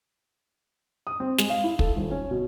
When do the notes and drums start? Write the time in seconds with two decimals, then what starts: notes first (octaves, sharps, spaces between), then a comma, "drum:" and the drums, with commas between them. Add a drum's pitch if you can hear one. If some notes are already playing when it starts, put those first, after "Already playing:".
1.07 D#6
1.20 C4
1.38 G#3, drum: snare
1.50 F5
1.64 E4
1.79 A4, drum: kick
1.96 D#1
2.11 C#4
2.31 B2